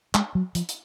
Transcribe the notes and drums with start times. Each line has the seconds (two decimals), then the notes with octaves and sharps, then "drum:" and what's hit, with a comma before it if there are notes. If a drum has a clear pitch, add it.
0.15 G#3, drum: clap
0.35 F#3
0.55 F3, drum: hi-hat
0.69 drum: hi-hat